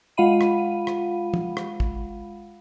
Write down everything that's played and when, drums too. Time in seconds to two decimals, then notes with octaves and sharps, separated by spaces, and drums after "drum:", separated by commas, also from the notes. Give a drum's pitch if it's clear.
0.17 G#3 F4 F5 F#5 B5 D#7
0.41 drum: rim click
0.87 drum: rim click
1.34 drum: tom
1.57 drum: rim click
1.80 drum: kick